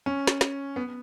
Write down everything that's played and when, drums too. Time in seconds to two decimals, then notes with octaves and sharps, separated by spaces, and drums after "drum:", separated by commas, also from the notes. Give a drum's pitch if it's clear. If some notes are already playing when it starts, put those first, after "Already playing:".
0.06 C#4
0.27 drum: snare
0.41 drum: snare
0.76 B3